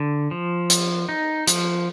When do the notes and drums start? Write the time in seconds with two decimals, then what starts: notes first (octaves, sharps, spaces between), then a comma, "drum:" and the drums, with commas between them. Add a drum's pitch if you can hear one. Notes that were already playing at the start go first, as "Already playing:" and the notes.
Already playing: D3
0.31 F3
0.70 drum: hi-hat
1.09 D#4
1.47 F3, drum: hi-hat